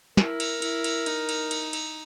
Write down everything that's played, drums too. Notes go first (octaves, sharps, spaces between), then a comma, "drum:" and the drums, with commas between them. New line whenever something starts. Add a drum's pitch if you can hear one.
E4 A#4, drum: snare
drum: cymbal
E4, drum: cymbal
drum: cymbal
D#4, drum: cymbal
drum: cymbal
drum: cymbal
drum: cymbal